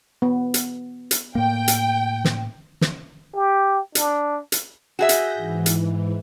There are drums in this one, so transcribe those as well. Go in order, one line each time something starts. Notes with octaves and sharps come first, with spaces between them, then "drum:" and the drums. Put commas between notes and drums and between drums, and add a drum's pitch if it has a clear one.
B3
drum: hi-hat
drum: hi-hat
A2 A#3 G5
drum: hi-hat
drum: snare
drum: snare
G4
D4, drum: hi-hat
drum: hi-hat
F#4 G#4 E5 G6 A#6
drum: hi-hat
G#2 E3
drum: hi-hat